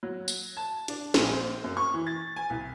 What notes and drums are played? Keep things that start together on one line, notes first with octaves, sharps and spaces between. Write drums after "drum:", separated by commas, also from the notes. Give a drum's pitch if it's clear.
F#3
drum: tambourine
A5
D4, drum: hi-hat
A#1, drum: snare
C5
F#2
C#6
E3
A6
G#5
C2